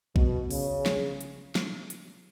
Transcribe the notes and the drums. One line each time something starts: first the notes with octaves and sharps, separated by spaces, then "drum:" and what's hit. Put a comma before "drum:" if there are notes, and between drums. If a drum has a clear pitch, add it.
B2, drum: kick A#1
C#3, drum: open hi-hat
drum: snare
drum: hi-hat
drum: snare
drum: hi-hat